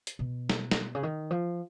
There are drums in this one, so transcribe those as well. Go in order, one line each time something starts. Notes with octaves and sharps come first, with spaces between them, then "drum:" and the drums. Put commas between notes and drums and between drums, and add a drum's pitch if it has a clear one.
drum: hi-hat
B2
drum: snare
drum: snare
C#3
D#3
F3